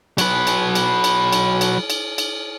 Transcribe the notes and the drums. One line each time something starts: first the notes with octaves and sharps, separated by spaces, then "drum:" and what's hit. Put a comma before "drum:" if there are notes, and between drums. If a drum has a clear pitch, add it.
F#3 B4, drum: cymbal
drum: cymbal
drum: cymbal
drum: cymbal
drum: cymbal
drum: cymbal
drum: cymbal
drum: cymbal